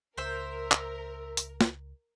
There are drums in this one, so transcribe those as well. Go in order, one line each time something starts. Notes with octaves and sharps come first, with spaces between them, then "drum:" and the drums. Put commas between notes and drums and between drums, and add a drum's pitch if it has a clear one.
C#2 A#4 C5 E5
drum: clap
drum: hi-hat
drum: snare